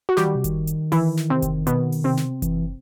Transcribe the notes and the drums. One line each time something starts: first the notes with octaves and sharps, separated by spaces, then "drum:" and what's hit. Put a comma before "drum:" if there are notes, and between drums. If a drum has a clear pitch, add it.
F#4
E3 G3 G4, drum: snare
D#3
C3
D#3, drum: kick F#1, hi-hat
drum: hi-hat
E3 E4, drum: open hi-hat
drum: snare
C3 C4
drum: kick F#1, hi-hat
B2 B3, drum: hi-hat
drum: open hi-hat
C3 C4
drum: snare
E3, drum: kick F#1, hi-hat